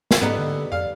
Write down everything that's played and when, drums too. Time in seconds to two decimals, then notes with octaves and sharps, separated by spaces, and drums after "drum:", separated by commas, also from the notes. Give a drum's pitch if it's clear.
0.11 drum: snare
0.21 G#2 G3 B3 D#4 A4 B4
0.38 D3
0.72 F2 D5 F5